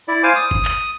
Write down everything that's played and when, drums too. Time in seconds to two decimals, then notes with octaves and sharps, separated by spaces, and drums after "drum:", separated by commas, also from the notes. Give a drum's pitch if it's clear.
0.08 E4 D5
0.23 C5 F5 G#5 D6
0.35 D#6
0.51 drum: kick
0.65 drum: clap